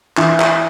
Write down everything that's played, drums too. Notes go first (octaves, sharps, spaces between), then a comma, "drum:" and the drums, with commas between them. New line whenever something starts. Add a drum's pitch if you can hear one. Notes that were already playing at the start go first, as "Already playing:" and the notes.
E3, drum: clap
drum: clap